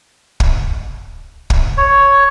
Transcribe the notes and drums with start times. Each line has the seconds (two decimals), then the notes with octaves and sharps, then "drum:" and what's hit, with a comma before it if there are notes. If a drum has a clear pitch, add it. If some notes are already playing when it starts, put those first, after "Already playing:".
0.40 drum: kick
1.50 drum: kick
1.78 C#5